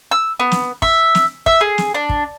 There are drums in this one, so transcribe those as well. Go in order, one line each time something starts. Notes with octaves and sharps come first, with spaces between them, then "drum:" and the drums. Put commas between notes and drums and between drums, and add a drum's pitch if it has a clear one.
E6
B3
drum: snare
E5, drum: kick
drum: snare
E5, drum: kick
G#4
drum: snare
D4
drum: kick